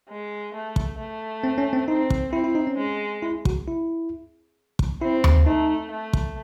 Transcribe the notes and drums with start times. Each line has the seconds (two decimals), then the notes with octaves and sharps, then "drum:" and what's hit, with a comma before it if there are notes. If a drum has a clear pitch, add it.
0.09 G#3
0.54 A3
0.76 drum: kick
0.98 A3
1.44 C4
1.58 C#4
1.73 C4
1.87 C4 D#4
2.10 drum: kick
2.32 C4 E4
2.44 E4
2.55 D#4
2.67 C#4
2.77 G#3
3.22 E4
3.45 F#4, drum: kick
3.68 E4
4.79 drum: kick
5.01 C4 E4
5.24 drum: tom D#2
5.46 A3 D#4
5.90 A3
6.13 drum: kick